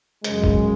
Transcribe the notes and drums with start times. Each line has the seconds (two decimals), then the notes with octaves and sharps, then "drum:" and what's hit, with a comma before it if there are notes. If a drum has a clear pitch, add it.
0.24 F#2 C#3 G#3, drum: hi-hat
0.44 drum: kick